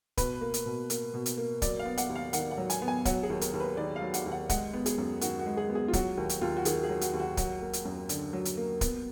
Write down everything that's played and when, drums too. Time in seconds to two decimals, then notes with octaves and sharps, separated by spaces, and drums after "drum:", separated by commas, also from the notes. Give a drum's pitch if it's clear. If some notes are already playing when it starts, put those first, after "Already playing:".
0.17 B2 B4, drum: kick D1, hi-hat
0.41 A#3
0.54 drum: hi-hat
0.66 B2
0.90 A#3, drum: hi-hat
1.14 B2
1.26 drum: hi-hat
1.37 A#3
1.62 F#3 D5, drum: kick D1, hi-hat
1.79 F5
1.86 B3
1.98 F#5, drum: hi-hat
2.09 D#2
2.15 F5
2.33 D#3 F#5, drum: hi-hat
2.51 F#5
2.58 F#3
2.70 G#5, drum: hi-hat
2.82 B3
2.88 G#5
3.05 F#3 F#5, drum: kick D1, hi-hat
3.23 G#4
3.30 D#2
3.41 A#4, drum: hi-hat
3.54 D#2 A#4
3.60 B4
3.77 D#3 D5
3.96 F5
4.02 F#3
4.14 F#5, drum: hi-hat
4.26 D#2
4.32 F#5
4.49 G#3 F#5, drum: kick D1, hi-hat
4.74 B3
4.86 G#4, drum: hi-hat
4.98 F#2
5.21 D#3 F#4, drum: hi-hat
5.39 F#4
5.46 G#3
5.57 G#4
5.69 B3
5.75 G#4
5.88 F4
5.93 F#3 F#4, drum: kick D1, hi-hat
6.17 D#2
6.29 drum: hi-hat
6.41 D#2 F4
6.57 F#4
6.65 D#3 G#4, drum: hi-hat
6.84 G#4
6.89 F#3
7.01 F#4, drum: hi-hat
7.14 D#2
7.20 F#4
7.37 F#3 F#4, drum: kick D1, hi-hat
7.61 A#3
7.73 drum: hi-hat
7.85 F#2
8.09 D3, drum: hi-hat
8.33 F#3
8.45 drum: hi-hat
8.57 A#3
8.81 B3, drum: kick D1, hi-hat